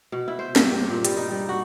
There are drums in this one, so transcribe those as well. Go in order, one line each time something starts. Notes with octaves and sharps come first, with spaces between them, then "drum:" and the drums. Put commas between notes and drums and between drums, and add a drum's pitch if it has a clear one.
B2
E4
C5
G2, drum: snare
G4
A#2
G3, drum: hi-hat
D#4
G3
F#4